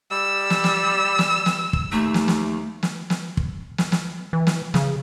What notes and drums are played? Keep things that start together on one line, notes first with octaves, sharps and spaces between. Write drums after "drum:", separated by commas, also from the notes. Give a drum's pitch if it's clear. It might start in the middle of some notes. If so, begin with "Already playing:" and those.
G3 E6
drum: snare
drum: snare
drum: snare
drum: snare
drum: kick
D#2 A3
drum: snare
drum: snare
drum: snare
drum: snare
drum: kick
drum: snare
drum: snare
E3
drum: snare
C#3, drum: snare